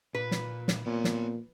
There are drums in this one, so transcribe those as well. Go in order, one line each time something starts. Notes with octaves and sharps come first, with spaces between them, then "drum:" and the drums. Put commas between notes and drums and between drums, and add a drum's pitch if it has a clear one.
A#2 B4
drum: snare
drum: snare
A#2 B3 C#5
drum: snare